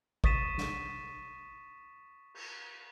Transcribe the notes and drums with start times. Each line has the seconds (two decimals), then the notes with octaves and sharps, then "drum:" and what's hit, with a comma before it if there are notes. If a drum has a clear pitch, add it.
0.24 C#6 D#6 A6 B6 D#7 E7, drum: kick
0.58 drum: snare
2.34 drum: cymbal